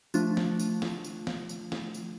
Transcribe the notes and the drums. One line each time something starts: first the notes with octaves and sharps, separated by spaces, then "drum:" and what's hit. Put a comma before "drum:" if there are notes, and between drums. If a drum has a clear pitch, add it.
F3 A3 D4 F4, drum: tambourine
drum: snare
drum: tambourine
drum: snare
drum: tambourine
drum: snare
drum: tambourine
drum: snare
drum: tambourine